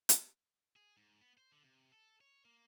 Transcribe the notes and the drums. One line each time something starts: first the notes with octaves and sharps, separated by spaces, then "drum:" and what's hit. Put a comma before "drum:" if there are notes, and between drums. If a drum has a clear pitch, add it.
drum: hi-hat
G#4
G#2
B3
C5
D3
C3
A4
C#5
A#3